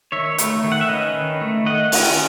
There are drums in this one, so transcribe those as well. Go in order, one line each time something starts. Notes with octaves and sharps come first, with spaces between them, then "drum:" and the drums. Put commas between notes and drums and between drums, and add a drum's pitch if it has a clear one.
D#3 C#5 E5
A3, drum: hi-hat
D#3
F#5
E5
C#4 B4 D#5
D#3
A3
D#3 D#5 F#5
C#4, drum: open hi-hat